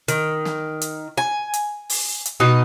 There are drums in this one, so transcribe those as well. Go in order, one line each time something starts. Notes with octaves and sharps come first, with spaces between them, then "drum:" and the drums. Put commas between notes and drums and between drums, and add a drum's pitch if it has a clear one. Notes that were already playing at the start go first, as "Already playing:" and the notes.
D#3, drum: hi-hat
drum: snare
drum: hi-hat
G#5
drum: hi-hat
drum: open hi-hat
drum: hi-hat
B2 D#4 D#5